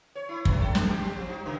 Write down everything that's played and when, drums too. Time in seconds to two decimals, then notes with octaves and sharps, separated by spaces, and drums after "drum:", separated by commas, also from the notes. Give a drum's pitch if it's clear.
0.15 C#5
0.29 E4
0.45 F2, drum: kick
0.61 A4
0.75 D4, drum: snare
0.89 G4
1.01 G3
1.16 F3
1.29 D#4
1.46 C#3